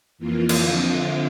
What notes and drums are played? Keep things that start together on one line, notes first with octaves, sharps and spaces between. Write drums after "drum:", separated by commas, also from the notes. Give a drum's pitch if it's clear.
F2 E3 A#3 F4
drum: cymbal
D3 F3 C4